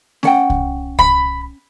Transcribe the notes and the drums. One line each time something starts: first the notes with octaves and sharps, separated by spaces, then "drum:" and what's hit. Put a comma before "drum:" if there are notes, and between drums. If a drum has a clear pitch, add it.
C#4 F#5 G5, drum: snare A3
drum: kick C2
B5, drum: kick C2